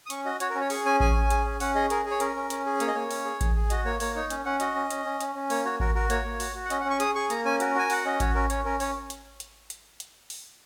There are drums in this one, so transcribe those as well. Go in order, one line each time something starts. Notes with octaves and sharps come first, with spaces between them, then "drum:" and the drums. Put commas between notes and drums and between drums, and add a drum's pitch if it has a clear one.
D#6
C#4 C#6, drum: hi-hat
F#4 D#5
F#4 C#5, drum: hi-hat
A#4
C#4
C#5
G#4 C#6, drum: open hi-hat
C#4 G#5
G#4 G#5, drum: kick A1
C#4
G#4, drum: hi-hat
C#4
C#4 F#5, drum: open hi-hat
G#4 D#5
G#4 A#4, drum: hi-hat
G#4
C#5
C#4 A#4, drum: hi-hat
C#4
C#4, drum: hi-hat
G#4
A#3 C#5, drum: hi-hat
D#5
A#3 C#5
C#4, drum: open hi-hat
G#4
G#4, drum: kick A1, hi-hat
G#4
F#4 D#5, drum: hi-hat
A#3 C#5
A#3 C#5, drum: open hi-hat
D#4 C#5
C#4, drum: hi-hat
C#4 F#5
F#4 D#5, drum: hi-hat
C#4
C#4, drum: hi-hat
C#4
C#4, drum: hi-hat
C#4
A#3 C#5, drum: open hi-hat
F#4 C#5
F#4 A#4, drum: kick A1
F#4 A#4
A#3 C#5, drum: hi-hat
A#3
F#4, drum: open hi-hat
F#4
F#5
C#4 D#5, drum: hi-hat
F#5
C#4
C#6
G#4 D#6, drum: hi-hat
G#4 C#6
A#3 A#5, drum: hi-hat
C#4 G#5
F#4 A#4, drum: hi-hat
F#4 G#5
F#4 F#5, drum: open hi-hat
C#4 D#5
F#4 C#5, drum: kick A1, hi-hat
C#4 A#4
C#4 C#5, drum: hi-hat
C#4 A#4
C#4 C#5, drum: open hi-hat
drum: hi-hat
drum: hi-hat
drum: hi-hat
drum: hi-hat
drum: open hi-hat